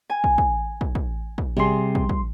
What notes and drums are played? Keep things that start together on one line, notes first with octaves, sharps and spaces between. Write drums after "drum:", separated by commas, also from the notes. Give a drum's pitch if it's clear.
G#5
drum: kick
drum: kick
drum: kick
drum: kick
drum: kick
C3 G3 G#4 C6
drum: kick
drum: kick